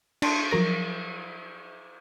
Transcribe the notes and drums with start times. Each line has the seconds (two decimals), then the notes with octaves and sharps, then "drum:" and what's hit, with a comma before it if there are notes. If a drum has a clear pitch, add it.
0.22 D4 A5 C6, drum: cymbal
0.51 F3 F#3 A#4 A#6